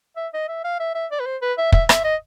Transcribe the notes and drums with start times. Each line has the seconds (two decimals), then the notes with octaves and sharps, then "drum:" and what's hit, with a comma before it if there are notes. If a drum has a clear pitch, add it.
0.16 E5
0.33 D#5
0.48 E5
0.64 F5
0.80 E5
0.95 E5
1.11 D5
1.20 B4
1.26 C5
1.42 B4
1.58 E5
1.72 E5, drum: kick
1.89 E5, drum: rim click
2.04 D#5